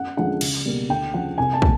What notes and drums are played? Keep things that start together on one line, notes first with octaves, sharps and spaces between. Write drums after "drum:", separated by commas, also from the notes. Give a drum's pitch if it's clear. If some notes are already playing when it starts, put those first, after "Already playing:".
Already playing: F#2 F#5
D3 F3 G#3 C#4 F#5
C#2, drum: cymbal
B2 G3 A#3
D2 G5
C#3 F3 F#5
C2 G#5
A5
A#2, drum: kick